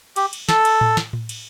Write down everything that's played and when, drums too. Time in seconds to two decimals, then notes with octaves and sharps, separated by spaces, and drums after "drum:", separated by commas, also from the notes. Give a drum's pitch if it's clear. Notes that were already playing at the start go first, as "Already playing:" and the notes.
0.16 G4, drum: cymbal
0.33 drum: cymbal
0.49 A4, drum: snare
0.65 drum: cymbal
0.81 drum: tom A2
0.97 drum: snare
1.13 drum: tom A2
1.29 drum: cymbal